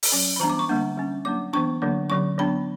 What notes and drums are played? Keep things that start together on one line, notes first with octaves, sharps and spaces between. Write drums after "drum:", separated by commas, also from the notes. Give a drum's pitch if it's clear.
drum: open hi-hat
F#3 C#4
B5
E3 G3 B3 D4 A#5
D6
C#6
D3 G3 A#3 D4
G3 C#4
F#3 A#3 D4 D6
E3 B3 D4 C#6
D3 F#3 A#3 D4
D3 F#3 C#4 C#6
F#3 B3 D4 B5